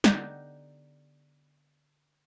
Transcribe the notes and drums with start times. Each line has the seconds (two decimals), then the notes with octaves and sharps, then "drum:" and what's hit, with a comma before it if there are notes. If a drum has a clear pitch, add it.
0.04 D3 B3 D#4 G4 A4, drum: snare